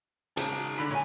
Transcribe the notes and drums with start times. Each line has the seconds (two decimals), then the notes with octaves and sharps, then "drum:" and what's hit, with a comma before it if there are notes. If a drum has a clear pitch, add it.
0.37 C#3 D#4 A5, drum: hi-hat
0.78 D3 B5 B6
0.91 A#2 C#5 G#5